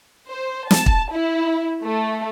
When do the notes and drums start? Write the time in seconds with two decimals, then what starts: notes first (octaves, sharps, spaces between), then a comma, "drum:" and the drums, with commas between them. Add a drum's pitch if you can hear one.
0.28 C5
0.71 A5, drum: snare
0.86 drum: kick
1.11 E4
1.84 A3